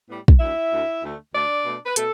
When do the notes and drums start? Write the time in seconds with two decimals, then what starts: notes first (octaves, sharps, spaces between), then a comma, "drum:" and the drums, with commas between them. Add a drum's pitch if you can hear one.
0.09 A2 G3 B3
0.28 drum: kick
0.40 D2 D3 A3 E4 E5
0.72 D2 D3 A3
1.03 D2 D3 A3
1.34 D2 D3 A3 D4 D5
1.66 B2 A3
1.86 B4
1.96 B2 A3 A4, drum: hi-hat